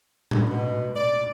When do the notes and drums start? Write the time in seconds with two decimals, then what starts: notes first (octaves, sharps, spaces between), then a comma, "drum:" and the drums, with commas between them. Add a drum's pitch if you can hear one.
0.31 drum: tom A2
0.49 B2
0.95 D5